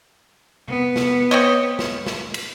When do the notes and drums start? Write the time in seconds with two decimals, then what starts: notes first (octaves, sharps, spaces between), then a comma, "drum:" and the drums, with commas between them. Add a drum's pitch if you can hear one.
0.68 B3, drum: tom C3
0.96 drum: snare
1.31 C4 C#5 D#5
1.79 drum: snare
2.06 drum: snare
2.34 drum: cymbal